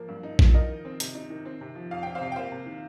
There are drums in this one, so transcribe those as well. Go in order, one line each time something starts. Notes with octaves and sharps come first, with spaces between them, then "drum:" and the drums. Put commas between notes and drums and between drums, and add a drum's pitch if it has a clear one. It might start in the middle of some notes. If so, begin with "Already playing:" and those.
Already playing: F3 A#3
G2
D#4
F3, drum: kick A#1
D#4 A#4 D#5
D#3
C4
C3, drum: hi-hat
D#4
D#3
C4
C3
F3
F2 F5
C4 G5
C5 F5
C3
G5
A#3 C5 F5
C3
D#3